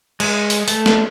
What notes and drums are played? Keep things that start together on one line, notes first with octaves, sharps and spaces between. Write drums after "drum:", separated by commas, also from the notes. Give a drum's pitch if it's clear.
G#3, drum: cymbal
drum: open hi-hat
A3, drum: open hi-hat
drum: snare